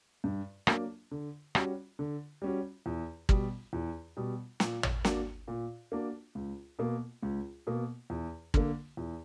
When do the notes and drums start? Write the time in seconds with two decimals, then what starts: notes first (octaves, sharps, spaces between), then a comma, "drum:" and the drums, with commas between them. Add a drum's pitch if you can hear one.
0.24 G2
0.67 F#3 A#3 D4, drum: rim click
1.11 D3
1.55 G3 C#4 F#4, drum: rim click
1.99 D3
2.42 G3 C#4 F#4
2.86 E2
3.29 B2 G3, drum: kick
3.73 E2
4.17 B2 G3
4.60 A#2, drum: snare
4.83 drum: tom
5.05 A#3 D4 F#4, drum: snare
5.48 A#2
5.92 A#3 D4 F#4
6.35 C#2
6.79 B2 A#3
7.23 C#2
7.67 B2 A#3
8.10 E2
8.54 D3 A#3, drum: kick
8.97 E2